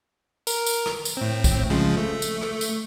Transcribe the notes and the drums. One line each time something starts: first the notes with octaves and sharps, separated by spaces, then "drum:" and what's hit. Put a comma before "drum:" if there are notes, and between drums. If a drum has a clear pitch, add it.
A#4, drum: tambourine
drum: tambourine
drum: rim click
drum: tambourine
A2 C4
drum: kick, tambourine
C#3 F3 G#3
A3
drum: tambourine
drum: rim click
drum: tambourine